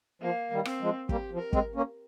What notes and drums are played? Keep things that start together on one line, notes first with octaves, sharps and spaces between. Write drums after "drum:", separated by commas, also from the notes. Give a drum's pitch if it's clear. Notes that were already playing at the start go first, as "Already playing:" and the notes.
F3 A#3
D#3 G3
C4, drum: rim click
F3 G#3
G3 A#3 G4, drum: kick
F3
A#4
G#3 C4, drum: kick
A#3 C#4